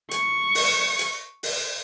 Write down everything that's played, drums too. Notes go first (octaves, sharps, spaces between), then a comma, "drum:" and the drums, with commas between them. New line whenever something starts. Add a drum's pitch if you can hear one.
C#6, drum: hi-hat
drum: open hi-hat
drum: hi-hat
drum: open hi-hat